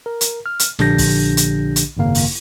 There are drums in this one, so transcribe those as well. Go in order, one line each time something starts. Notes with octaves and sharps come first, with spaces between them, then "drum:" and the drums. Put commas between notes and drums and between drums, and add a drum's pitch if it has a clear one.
A#4
drum: hi-hat
F6
drum: hi-hat
A#1 D3 D4 G4 G6 A#6, drum: snare
drum: kick, open hi-hat
drum: hi-hat
drum: hi-hat
G#1 F#2 C#3 A#3 F5
drum: open hi-hat